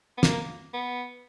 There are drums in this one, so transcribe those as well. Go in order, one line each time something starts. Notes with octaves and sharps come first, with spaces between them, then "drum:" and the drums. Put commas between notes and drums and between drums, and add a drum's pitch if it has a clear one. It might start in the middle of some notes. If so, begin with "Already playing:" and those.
B3
A#3, drum: snare
B3